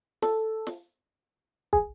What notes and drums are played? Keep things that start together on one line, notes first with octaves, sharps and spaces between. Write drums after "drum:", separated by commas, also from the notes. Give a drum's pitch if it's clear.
A4, drum: snare
drum: snare
G#4, drum: kick